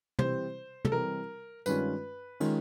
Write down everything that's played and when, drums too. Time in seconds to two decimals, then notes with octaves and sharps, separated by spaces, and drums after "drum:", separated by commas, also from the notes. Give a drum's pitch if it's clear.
0.19 E3 G3 C4 E4 G4 C5, drum: tom
0.85 A4, drum: tom
0.92 E3 G3 C4 E4 G4 A#4
1.66 G2 D#3 G#3 C#4 F4 B4, drum: tambourine
2.40 D#3 G#3 C#4 F4, drum: cymbal